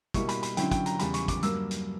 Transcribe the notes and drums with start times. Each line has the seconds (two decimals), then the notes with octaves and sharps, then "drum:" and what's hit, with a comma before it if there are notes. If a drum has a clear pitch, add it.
0.14 B2 G3 A#3 E4 C#6, drum: kick, hi-hat
0.29 B5, drum: hi-hat
0.43 B5, drum: hi-hat
0.57 D3 F#3 C#4 E4 G5, drum: hi-hat
0.71 G5, drum: kick, hi-hat
0.86 A#5, drum: hi-hat
0.99 E2 C#3 G3 B5, drum: hi-hat
1.14 C#6, drum: hi-hat
1.28 D6, drum: kick, hi-hat
1.43 G2 F#3 A#3 E6, drum: hi-hat
1.71 drum: hi-hat